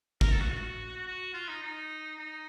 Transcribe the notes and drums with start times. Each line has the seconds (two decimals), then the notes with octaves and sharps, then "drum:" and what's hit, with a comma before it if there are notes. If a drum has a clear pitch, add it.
0.21 A#4, drum: kick G#1
0.31 A4
0.40 F#4
0.50 F#4
1.07 F#4
1.34 F4
1.48 D#4
1.62 D#4
2.18 D#4